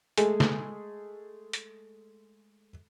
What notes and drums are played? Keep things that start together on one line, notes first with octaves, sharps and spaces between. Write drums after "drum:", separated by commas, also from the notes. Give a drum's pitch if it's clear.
G#3 A3 G#4, drum: hi-hat
drum: snare
drum: hi-hat